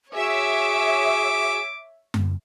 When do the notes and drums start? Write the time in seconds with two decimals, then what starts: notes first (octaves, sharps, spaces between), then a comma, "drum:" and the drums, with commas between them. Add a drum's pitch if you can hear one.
0.14 F#4 G#4 C#5 E5 G#5 D6
2.14 drum: tom F#2